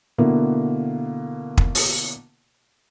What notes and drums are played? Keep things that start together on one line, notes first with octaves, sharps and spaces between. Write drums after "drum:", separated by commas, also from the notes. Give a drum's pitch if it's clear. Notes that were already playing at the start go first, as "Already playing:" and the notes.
B2 D3 A#3 E4
drum: kick
drum: open hi-hat